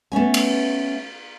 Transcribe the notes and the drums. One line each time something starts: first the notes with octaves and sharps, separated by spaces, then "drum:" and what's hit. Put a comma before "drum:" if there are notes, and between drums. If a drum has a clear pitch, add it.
A3 B3 C#4 G#5
drum: cymbal